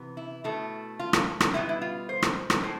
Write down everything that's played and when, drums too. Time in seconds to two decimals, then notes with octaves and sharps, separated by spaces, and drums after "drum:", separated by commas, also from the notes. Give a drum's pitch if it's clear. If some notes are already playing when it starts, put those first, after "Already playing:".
Already playing: C3 E3 B3
0.17 E4
0.44 B2 A3 E4
0.99 F4
1.13 drum: rim click
1.40 drum: rim click
1.54 B2 G3 B3 E4
1.69 E4
1.82 F4
2.09 C5
2.22 drum: rim click
2.50 drum: rim click
2.63 A2 C5